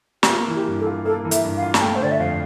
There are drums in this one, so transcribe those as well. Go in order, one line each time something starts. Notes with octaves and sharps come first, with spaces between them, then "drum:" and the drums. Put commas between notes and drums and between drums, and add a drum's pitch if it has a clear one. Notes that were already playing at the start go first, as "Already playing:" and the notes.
G4, drum: snare
A#3 F4
E3
G4
G2
A4
F4
A#3 A4
E3
E5, drum: hi-hat
G2
F5
F4
A5, drum: snare
A3 G5
C5
D3 D5
E5
F2 F5